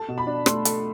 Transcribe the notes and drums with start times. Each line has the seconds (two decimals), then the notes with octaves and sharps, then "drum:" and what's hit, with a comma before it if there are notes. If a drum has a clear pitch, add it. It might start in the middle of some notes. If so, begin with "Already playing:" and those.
Already playing: A4 A5
0.08 B2
0.18 B5
0.27 D4
0.46 A3 C6, drum: rim click
0.65 A4, drum: hi-hat